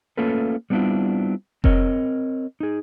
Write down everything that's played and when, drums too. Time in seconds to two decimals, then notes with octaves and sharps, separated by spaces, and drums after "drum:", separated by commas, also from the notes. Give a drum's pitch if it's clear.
0.17 A3 A#3 C#4 F4 A4 B4
0.70 G3 B3 C4 D4 E4 F4
1.64 C4 A#4 C#5 D#5, drum: kick F1
2.60 D#4 G#4